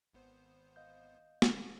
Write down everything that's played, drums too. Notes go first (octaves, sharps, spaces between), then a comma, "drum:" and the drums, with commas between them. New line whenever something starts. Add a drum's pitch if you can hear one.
G#1 B3 C5
D#5 F5 G6
drum: snare